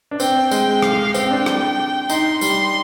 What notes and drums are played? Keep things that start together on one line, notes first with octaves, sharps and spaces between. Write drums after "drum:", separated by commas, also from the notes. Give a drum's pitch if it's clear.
D4
C4 G5, drum: tambourine
G#3 G5, drum: tambourine
F5, drum: rim click
C4 G5, drum: tambourine
D4
drum: rim click
D#4 C6, drum: tambourine
G3 C6, drum: tambourine